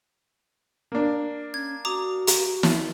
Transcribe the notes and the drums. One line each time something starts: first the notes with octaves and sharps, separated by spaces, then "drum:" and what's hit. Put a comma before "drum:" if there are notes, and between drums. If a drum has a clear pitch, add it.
A#3 D4
C#4 G#6
F#4 A#5 D6 D#6
A#5, drum: hi-hat
drum: snare